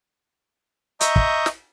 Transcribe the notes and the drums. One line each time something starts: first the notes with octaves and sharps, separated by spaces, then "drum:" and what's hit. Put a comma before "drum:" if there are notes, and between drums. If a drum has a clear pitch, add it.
D#5 E5 A#5 C#6 D#6 G6, drum: hi-hat
drum: kick
drum: snare